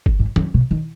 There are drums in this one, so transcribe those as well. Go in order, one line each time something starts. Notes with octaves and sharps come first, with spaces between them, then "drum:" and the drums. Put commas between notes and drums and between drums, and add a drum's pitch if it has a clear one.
drum: kick G1
G#2
F#2, drum: tom D#3
B2
D#3